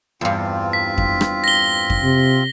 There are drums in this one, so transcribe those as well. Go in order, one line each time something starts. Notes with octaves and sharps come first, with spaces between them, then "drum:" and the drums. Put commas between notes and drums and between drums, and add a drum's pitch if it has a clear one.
E2 G2 C4 F4
B6
drum: kick F2
drum: rim click
A#6 G7
drum: kick F2
C3